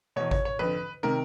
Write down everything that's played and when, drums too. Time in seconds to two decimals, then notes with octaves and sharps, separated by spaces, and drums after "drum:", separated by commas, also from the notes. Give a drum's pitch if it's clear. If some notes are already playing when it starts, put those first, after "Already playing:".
0.16 E2 B2 C#5
0.31 C#5, drum: kick G#1
0.45 C#5
0.59 F2 D3 B4
1.03 C3 D#3 A#4